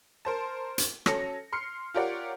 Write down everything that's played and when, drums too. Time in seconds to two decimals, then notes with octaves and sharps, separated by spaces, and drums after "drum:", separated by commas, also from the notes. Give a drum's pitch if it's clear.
0.25 A#4 C5 A5
0.78 drum: hi-hat
1.06 F#3 C#4 A4 A#6 C#7, drum: rim click
1.52 C6 F6 C7 C#7
1.94 F4 G4 A#4 C#5 D5 F#5